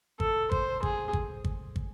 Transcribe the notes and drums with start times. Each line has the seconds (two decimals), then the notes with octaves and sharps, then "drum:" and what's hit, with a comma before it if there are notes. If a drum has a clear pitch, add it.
0.20 A4, drum: kick
0.52 C5, drum: kick
0.83 G#4, drum: kick
1.13 drum: kick
1.44 drum: kick
1.76 drum: kick